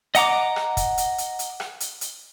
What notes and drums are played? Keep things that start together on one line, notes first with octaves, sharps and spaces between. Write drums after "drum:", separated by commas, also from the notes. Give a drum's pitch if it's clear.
D#5 F#5 A#5 D6, drum: hi-hat
drum: rim click
drum: kick, hi-hat
drum: hi-hat
drum: hi-hat
drum: hi-hat
drum: rim click
drum: hi-hat
drum: hi-hat